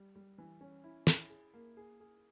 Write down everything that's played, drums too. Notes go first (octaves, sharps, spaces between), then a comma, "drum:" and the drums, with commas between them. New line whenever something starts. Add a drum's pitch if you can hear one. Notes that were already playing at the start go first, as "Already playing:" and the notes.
Already playing: G3
G3
E3
C#4
E4
E4, drum: snare
G#4
A#3
G#4
G#4